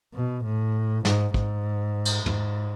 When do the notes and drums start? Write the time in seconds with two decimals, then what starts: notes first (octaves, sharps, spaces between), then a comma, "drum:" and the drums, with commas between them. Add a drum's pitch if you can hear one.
0.14 B2
0.44 A2
1.05 G#2, drum: snare
1.34 G#2, drum: kick
2.05 drum: cymbal
2.26 G#2, drum: tom